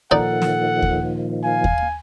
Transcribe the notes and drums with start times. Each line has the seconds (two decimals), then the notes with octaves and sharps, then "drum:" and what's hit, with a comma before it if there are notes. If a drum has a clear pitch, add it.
0.11 A#2 D#3 F3 D#4 A4 D5 F#5
0.42 drum: snare
0.82 drum: kick D#2
1.44 F5 G#5
1.64 drum: kick D#2